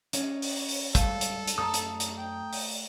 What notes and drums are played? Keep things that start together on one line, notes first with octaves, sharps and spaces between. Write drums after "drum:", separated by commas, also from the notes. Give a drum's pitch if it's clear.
C#4 C#5 D#5, drum: hi-hat
drum: open hi-hat
drum: open hi-hat
G3 G#3 A4 F5, drum: kick, hi-hat
drum: hi-hat
drum: hi-hat
F#2 A3 A5 A#5 D#6
drum: hi-hat
drum: hi-hat
G5
drum: open hi-hat